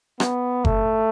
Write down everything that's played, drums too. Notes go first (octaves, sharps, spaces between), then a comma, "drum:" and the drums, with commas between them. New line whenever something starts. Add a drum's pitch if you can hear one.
B3, drum: rim click
A3, drum: kick F#1